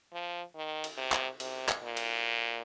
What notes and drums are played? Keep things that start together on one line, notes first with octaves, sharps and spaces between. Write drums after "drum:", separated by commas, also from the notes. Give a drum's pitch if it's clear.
F3
D#3
drum: cymbal
C3
drum: clap
C3, drum: cymbal
drum: clap
A#2
drum: cymbal